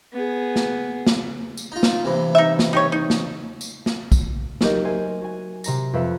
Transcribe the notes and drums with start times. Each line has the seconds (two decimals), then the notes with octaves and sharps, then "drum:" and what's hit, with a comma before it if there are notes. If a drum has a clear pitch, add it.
0.13 B3 G#4
0.56 drum: snare
1.07 drum: snare
1.57 drum: tambourine
1.72 D#4 F4
1.83 drum: snare
2.05 G2 C3 E3
2.35 D#4 E5
2.59 drum: snare
2.73 D#4 G4 C#5
2.92 D#4
3.10 drum: snare
3.61 drum: tambourine
3.86 drum: snare
4.12 drum: kick, tambourine
4.61 F#3 D#4 G4 A#4 D#5, drum: snare
4.84 A#4 C5 E5 G#5
5.22 F#4 G#5
5.64 C3 A#5 A#6, drum: tambourine
5.93 F2 B4 E5 C#7